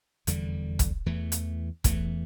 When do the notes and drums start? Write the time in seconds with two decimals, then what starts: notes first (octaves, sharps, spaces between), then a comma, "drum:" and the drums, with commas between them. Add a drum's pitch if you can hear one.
0.27 F1 E2 D3 G3, drum: hi-hat
0.79 drum: kick, hi-hat
1.06 E2 E3 A3
1.32 drum: hi-hat
1.84 E2 E3 A3, drum: kick, hi-hat